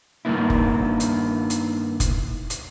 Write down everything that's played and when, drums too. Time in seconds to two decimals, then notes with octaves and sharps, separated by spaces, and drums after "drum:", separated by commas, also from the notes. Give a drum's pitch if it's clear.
0.25 G2 D#3 A#3 B3 E4
0.50 drum: kick F1
1.00 drum: hi-hat
1.50 drum: hi-hat
2.00 drum: kick F1, hi-hat
2.50 drum: hi-hat